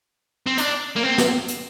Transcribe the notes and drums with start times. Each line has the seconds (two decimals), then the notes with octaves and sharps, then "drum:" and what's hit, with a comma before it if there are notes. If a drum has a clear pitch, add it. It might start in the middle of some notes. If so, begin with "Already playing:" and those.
0.47 C4
0.58 D4, drum: hi-hat
0.96 A#3
1.03 C4
1.18 drum: snare
1.48 drum: hi-hat